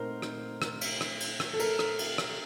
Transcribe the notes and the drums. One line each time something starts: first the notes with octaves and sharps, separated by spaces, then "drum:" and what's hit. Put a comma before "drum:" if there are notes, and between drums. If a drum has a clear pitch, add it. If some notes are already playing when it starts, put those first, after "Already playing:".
Already playing: A#2 A3 C4 D#4 F#4 A#4 C5
drum: rim click
drum: rim click
drum: cymbal
drum: rim click
drum: cymbal
drum: rim click
A4
A#4, drum: cymbal
drum: rim click
drum: cymbal
drum: rim click